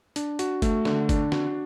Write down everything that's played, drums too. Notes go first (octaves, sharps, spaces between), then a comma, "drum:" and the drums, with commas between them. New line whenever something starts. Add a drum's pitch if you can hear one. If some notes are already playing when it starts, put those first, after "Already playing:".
D4, drum: hi-hat
F#4, drum: hi-hat
A3, drum: kick, hi-hat
D3, drum: snare
D4, drum: kick, hi-hat
F#4, drum: snare